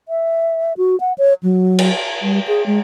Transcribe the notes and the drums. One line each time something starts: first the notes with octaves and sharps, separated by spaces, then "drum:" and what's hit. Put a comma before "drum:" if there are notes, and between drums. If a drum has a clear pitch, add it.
E5
F#4
F#5
C#5
F#3
drum: cymbal
G3
G#4
G#3